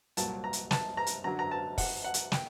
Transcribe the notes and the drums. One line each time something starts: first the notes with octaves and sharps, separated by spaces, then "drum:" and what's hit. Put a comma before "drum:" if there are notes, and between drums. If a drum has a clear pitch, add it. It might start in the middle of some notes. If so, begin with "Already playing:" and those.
C2 A#2 F#3 A5, drum: hi-hat
A#5
drum: hi-hat
A5, drum: snare
A#5
drum: hi-hat
F#2 D3 F#3 A#5
A#5
A5
F#5, drum: kick, open hi-hat
F#5
drum: hi-hat
G5, drum: snare